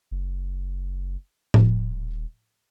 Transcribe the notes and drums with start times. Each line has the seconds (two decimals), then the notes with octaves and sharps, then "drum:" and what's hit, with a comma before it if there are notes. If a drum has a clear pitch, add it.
0.11 F#1
1.54 D#1, drum: tom A2